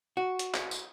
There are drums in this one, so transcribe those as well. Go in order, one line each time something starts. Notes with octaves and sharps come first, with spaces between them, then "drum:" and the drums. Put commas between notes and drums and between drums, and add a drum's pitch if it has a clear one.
F#4
drum: hi-hat
drum: clap
drum: tambourine